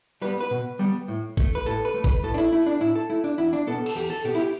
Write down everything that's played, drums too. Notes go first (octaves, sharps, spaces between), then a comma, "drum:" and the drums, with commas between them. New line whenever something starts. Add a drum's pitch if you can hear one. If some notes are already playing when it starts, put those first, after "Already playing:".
G3 B3 B4
B4
B2
G3 B3
A2
A3, drum: kick
B4
A2 A4
B4
A3
B4, drum: kick
A2 A4
D4
E4
A3 E4
D4
A2 E4
A4
A3 E4
D4
E2 E4
D4
B2 B3 A4
A4, drum: cymbal
E2 G4
A4
B2 B3 G4
E4
G4